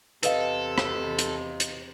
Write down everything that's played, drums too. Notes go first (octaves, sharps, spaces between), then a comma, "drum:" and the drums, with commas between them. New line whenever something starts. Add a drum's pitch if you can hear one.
E2 C3 A4 B4 D#5 F5, drum: hi-hat
drum: rim click
drum: hi-hat
drum: hi-hat